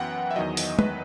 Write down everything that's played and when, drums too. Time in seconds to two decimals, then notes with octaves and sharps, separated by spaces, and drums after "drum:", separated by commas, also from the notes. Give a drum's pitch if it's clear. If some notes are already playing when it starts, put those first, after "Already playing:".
Already playing: F#2 E3 B3 F#5 G5
0.31 E5
0.36 E2 D#3 F#3 D#5
0.57 drum: open hi-hat
0.79 B4, drum: tom